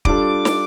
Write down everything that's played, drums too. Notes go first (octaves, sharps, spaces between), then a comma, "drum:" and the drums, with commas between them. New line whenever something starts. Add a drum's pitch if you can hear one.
G3 D4 F4 A4 D6, drum: kick
drum: snare